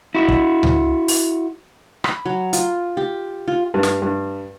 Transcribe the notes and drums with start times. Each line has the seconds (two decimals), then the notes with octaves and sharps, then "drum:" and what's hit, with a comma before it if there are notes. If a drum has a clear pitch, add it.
0.15 E4 F#4
0.28 drum: kick
0.63 drum: tom C#2
1.08 drum: open hi-hat
2.04 B5, drum: rim click
2.25 F#3
2.53 F4, drum: hi-hat
2.97 G4
3.48 F4
3.74 G2
3.83 drum: snare
4.02 G2